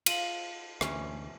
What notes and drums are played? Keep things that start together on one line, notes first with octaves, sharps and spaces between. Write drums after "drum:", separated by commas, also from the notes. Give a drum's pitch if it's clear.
F4 D#7 F#7, drum: cymbal
D2 B2 E3 G#3 C#4, drum: rim click